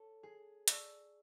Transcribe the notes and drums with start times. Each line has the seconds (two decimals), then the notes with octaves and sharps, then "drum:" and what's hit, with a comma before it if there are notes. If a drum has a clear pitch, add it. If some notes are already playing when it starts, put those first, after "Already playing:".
Already playing: A4 C#5
0.23 G#4
0.68 D5 A5 C#6 E6, drum: hi-hat